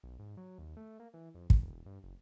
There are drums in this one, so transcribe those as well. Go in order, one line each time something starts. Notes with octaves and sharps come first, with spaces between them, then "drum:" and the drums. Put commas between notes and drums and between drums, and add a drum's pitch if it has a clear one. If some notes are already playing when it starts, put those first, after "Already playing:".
B1
G#2
F#3
D#2
A3
A#3
E3
F2
G1, drum: kick
E1
G2
F#1